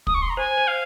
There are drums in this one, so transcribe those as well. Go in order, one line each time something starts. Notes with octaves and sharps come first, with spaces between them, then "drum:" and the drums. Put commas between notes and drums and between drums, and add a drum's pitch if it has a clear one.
D#6, drum: kick
C#6
C6
A#5
C5 G#5
C5
F5